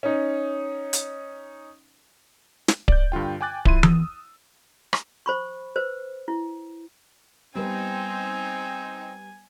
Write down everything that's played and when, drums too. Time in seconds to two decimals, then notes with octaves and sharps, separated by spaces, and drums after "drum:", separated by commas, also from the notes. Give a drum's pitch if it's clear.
0.03 C#4 D#4
0.93 drum: hi-hat
2.68 drum: snare
2.88 D5 G6, drum: kick D1
3.12 G2 D3 F4 G5
3.41 G5 G#5 D6 F#6 A6
3.65 F3 E4 C6 D#7, drum: kick D1
3.83 D#6 E6, drum: tom E3
4.93 drum: rim click
5.26 C5 B5 C#6
5.76 B4 C5
6.28 E4
7.55 G3 B3 C4 D#4 G#5